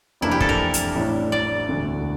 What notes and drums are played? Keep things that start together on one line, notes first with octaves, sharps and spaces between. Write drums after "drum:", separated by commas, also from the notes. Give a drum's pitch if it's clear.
F1 F2 E3 A#3 D4 E4
G4
A4, drum: kick
A#4
drum: hi-hat
A1 A2 G3 D4
D5
E1 D2 D3